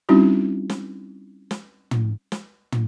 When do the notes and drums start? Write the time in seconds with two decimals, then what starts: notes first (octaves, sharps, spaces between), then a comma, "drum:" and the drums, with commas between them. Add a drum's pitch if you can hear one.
0.09 G3 C4 C#4 D#4 E4 F#4
0.70 drum: snare
1.51 drum: snare
1.91 drum: tom
2.32 drum: snare
2.72 drum: tom